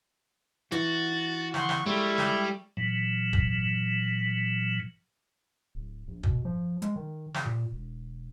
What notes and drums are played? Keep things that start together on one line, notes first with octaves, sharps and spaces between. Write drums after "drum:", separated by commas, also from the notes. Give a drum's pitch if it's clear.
E3 F#4 A6, drum: hi-hat
F#5 C6 C#6, drum: snare
drum: snare
G3 G#3 E4 A4 C#6
drum: snare
A#2 E3 F#3
drum: kick
D1
A#1
B2, drum: kick
F3
G#3, drum: hi-hat
D#3
drum: snare
A#2
E1